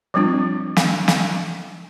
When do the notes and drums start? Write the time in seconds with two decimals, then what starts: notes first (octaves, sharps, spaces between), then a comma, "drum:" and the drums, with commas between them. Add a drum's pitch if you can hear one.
0.14 F3 G3 C4 D4 F4
0.77 drum: snare
1.08 drum: snare